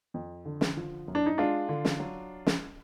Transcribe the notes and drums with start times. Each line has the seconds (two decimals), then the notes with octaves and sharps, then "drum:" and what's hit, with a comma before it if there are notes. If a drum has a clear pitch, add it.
0.14 F2
0.45 D3
0.61 drum: snare
0.77 F3
1.08 F#2
1.15 D4
1.26 D#4
1.38 G#3 D4 F4
1.69 D3
1.85 drum: snare
2.00 F#3
2.46 drum: snare